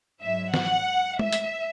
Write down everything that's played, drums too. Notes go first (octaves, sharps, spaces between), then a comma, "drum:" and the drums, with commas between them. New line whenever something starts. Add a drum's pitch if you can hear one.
G#2 F#3 E5
F#5, drum: snare
E5, drum: tom G#3
drum: hi-hat